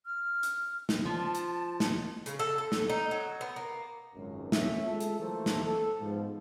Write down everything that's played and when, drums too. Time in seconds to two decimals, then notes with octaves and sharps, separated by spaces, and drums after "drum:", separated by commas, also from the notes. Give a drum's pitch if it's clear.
0.06 F6
0.43 drum: hi-hat
0.89 drum: snare
1.05 F3 A5
1.35 drum: hi-hat
1.80 drum: snare
2.26 C#3, drum: hi-hat
2.39 A4
2.58 A4
2.72 drum: snare
2.89 D#4
3.11 F#3
3.41 B3
3.56 A#3
4.14 G#1 C#2 F#2
4.52 A3 B3 C#4 E5, drum: snare
4.85 G#3 F4 G#4 A4
5.00 drum: hi-hat
5.19 E3 F#3 A3 A#3 A4 C5
5.46 drum: snare
5.65 A4
6.00 G#2 B2 F3